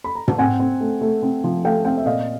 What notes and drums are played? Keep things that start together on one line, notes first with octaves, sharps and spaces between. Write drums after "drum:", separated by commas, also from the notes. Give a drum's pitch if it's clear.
B5
A#5
A5, drum: tom
C4 F#5 G#5
C4
A3
A3
C4
F3
A3 F5 G5
C4 F5 G5
E5
A#2 D#5 F5